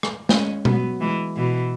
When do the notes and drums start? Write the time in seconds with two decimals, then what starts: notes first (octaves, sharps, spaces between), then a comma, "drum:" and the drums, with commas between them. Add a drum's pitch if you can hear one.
0.03 drum: rim click
0.29 G#3 C#4, drum: snare
0.65 F#3 B3, drum: tom B2
1.01 E3 G#3
1.36 B2 E3